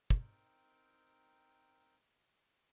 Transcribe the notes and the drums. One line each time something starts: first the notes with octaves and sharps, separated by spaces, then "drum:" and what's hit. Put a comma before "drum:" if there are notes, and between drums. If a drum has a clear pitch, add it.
drum: kick
C4 D#4 A#4 G5